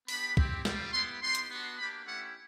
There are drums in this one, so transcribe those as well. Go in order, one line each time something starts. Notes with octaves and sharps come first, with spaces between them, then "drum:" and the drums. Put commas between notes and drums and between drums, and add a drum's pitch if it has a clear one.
B3 D4 G4 B5, drum: open hi-hat
C4 E4 G4, drum: kick
G3 C4 F4, drum: snare
B3 E4 G4 C6
B3 D#4 G4 C6
drum: hi-hat
B3 D4 F#4
A#3 D4 G4 B5
A3 C#4 E4 G4 F#5